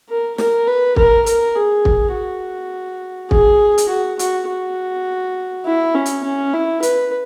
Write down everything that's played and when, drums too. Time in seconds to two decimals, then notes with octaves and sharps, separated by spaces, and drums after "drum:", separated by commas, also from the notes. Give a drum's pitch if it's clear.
0.09 A#4
0.38 A#4, drum: snare
0.67 B4
0.96 A#4, drum: kick
1.26 A#4, drum: hi-hat
1.55 G#4
1.85 drum: kick
2.13 F#4
3.31 G#4, drum: kick
3.78 drum: hi-hat
3.89 F#4
4.19 F#4, drum: hi-hat
4.48 F#4
5.66 E4
5.95 C#4
6.06 drum: hi-hat
6.24 C#4
6.54 E4
6.83 B4, drum: hi-hat